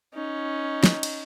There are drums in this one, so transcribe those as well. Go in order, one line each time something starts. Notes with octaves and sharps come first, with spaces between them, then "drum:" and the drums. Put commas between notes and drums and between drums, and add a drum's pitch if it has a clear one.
C#4 D#4
drum: snare
drum: cymbal